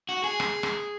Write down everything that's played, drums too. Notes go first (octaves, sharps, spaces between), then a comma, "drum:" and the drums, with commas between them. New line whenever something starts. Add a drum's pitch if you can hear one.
F#4
G#4
drum: rim click
drum: rim click